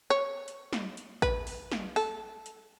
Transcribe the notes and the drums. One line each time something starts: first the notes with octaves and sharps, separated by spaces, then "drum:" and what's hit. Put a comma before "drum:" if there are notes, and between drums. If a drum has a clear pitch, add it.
C#5
drum: hi-hat
drum: snare
drum: hi-hat
B4, drum: kick A1, hi-hat
drum: open hi-hat
drum: snare
A4, drum: open hi-hat
drum: hi-hat